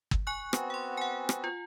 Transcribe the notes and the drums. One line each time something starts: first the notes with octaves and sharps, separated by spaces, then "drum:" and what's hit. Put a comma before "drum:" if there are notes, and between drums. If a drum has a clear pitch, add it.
drum: kick
G#5 C#6 F#6
B3 C4 F#4, drum: rim click
F#5 C6
F#5 G#5
drum: rim click
F4